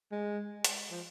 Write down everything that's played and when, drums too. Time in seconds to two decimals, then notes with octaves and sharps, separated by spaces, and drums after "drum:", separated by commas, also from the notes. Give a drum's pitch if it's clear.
0.12 G#3
0.64 drum: hi-hat
0.91 F3